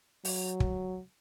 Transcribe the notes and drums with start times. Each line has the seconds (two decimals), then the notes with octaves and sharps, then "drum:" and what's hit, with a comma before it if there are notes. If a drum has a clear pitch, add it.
0.25 F#3, drum: open hi-hat
0.60 drum: kick